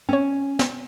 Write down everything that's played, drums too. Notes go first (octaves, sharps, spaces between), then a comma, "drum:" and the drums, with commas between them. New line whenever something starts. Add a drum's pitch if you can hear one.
C4 C#4 C#5
drum: snare